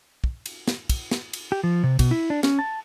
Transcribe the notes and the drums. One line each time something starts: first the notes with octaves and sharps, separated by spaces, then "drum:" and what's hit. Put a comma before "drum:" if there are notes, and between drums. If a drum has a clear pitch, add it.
drum: kick
drum: cymbal
drum: snare
drum: kick, cymbal
drum: snare
drum: cymbal
G4
F3
C3
B2, drum: kick, cymbal
E4
D4
C#4, drum: snare
A5